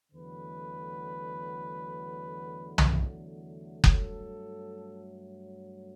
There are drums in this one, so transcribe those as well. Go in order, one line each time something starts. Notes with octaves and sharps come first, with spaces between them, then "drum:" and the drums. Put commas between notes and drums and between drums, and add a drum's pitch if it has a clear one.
E2 D3 F#3 A3 B4
drum: tom
G2 F#3 A3 A4, drum: kick F#1